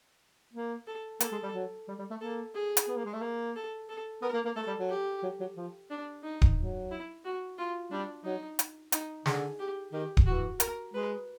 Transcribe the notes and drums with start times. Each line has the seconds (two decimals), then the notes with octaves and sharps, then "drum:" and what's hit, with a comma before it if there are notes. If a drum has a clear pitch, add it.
0.54 A#3
0.87 A4
1.20 A#3 A4, drum: hi-hat
1.32 G#3
1.43 G3
1.54 F#3
1.88 G3
1.99 G3
2.10 A3
2.21 A#3 A4
2.55 G#4
2.77 drum: hi-hat
2.88 B3
2.97 A#3
3.05 G#3
3.13 A3
3.21 A#3
3.56 A4
3.89 A4
4.22 B3 A#4
4.34 A#3
4.45 A#3
4.56 A3 A4
4.67 G3
4.78 F#3
4.89 G4
5.23 F#3
5.40 F#3
5.57 F3
5.90 D4
6.23 D#4
6.42 drum: kick D1
6.57 F#3
6.91 E4
7.25 F#4
7.58 F4
7.91 G3 D4
8.25 F#3 D#4
8.59 drum: hi-hat
8.92 D#4, drum: hi-hat
9.26 D3 G#4, drum: snare
9.59 G4
9.93 D#3 G4
10.17 drum: kick D1
10.26 E3 F#4
10.60 A#4, drum: hi-hat
10.94 G#3 B4